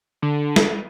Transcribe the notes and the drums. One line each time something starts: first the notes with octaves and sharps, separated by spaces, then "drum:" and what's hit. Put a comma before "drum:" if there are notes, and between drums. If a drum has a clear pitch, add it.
D3
drum: snare